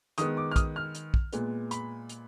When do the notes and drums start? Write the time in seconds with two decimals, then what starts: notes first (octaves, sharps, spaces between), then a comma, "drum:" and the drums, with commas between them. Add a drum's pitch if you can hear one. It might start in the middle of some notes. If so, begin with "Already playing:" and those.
0.18 D#3 G#3 B3 D#6, drum: hi-hat
0.37 D6
0.51 F6
0.56 D#6, drum: kick, hi-hat
0.76 F6
0.95 drum: hi-hat
1.14 drum: kick
1.33 A#2 G#3 B3, drum: hi-hat
1.71 B5, drum: hi-hat
2.09 drum: hi-hat